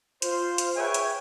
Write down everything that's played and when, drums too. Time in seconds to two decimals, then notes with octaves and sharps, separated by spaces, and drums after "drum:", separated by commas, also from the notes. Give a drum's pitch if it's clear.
0.22 F4 C5, drum: hi-hat
0.58 drum: hi-hat
0.76 G#4 B4 C#5 E5 G5 G#5
0.94 drum: hi-hat